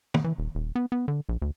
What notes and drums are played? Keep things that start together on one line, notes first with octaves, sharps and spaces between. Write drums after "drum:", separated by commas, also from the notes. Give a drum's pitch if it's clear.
drum: tom
E3
D#1
D#1
B3
B3
D3
A#1
D2